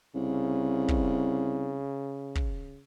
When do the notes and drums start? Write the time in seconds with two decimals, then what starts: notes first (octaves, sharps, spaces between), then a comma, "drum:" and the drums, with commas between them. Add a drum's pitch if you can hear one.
0.15 C2 C#3
0.88 drum: kick
2.35 drum: kick